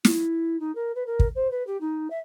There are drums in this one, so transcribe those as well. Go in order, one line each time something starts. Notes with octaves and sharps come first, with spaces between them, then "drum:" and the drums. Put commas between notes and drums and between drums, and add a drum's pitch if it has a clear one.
E4, drum: snare
D#4
A#4
B4
A#4
drum: kick
C5
B4
G4
D#4
E5